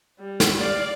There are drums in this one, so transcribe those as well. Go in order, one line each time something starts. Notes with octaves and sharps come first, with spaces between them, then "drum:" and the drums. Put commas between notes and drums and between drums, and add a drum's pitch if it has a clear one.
G3
drum: snare
D5 F5